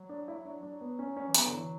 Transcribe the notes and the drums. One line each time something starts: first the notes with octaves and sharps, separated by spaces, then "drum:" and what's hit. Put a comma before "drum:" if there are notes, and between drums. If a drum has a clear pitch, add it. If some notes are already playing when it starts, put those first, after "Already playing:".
Already playing: F#3
D4
E4
D4
F#3 D4
B3
C#4
C#4
E3
F#3 B3, drum: hi-hat
D3
E3